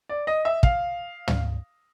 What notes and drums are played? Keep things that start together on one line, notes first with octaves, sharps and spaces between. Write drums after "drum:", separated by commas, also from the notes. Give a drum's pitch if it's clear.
D5
D#5
E5
F5, drum: kick
drum: tom